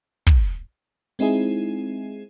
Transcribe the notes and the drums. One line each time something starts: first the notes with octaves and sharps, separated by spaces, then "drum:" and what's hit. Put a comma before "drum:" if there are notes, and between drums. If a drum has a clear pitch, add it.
drum: kick
G#3 C4 D#4 E4 G#4